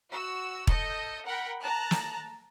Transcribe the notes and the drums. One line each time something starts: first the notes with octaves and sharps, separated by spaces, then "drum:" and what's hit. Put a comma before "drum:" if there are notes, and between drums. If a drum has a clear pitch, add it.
F#4 E6
A4 D#5 G6, drum: kick
A#4 F#5 G5 B5
A5 A#5 F#6
drum: snare